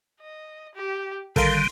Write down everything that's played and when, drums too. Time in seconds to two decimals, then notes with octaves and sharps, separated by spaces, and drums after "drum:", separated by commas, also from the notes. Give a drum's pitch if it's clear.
0.21 D#5
0.75 G4
1.36 D3 D#3 G3 A4 A#4 F5 C6, drum: kick, open hi-hat